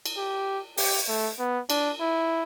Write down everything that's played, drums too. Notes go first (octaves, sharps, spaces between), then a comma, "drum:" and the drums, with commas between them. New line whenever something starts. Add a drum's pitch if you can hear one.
drum: cymbal
G4
G4, drum: open hi-hat
A3
B3
D4, drum: cymbal
E4